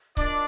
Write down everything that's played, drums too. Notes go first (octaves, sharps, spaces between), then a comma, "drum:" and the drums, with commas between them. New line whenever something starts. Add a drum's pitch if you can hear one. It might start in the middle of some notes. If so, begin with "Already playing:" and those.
D4 F4 A#4 D5 D#5, drum: kick C#1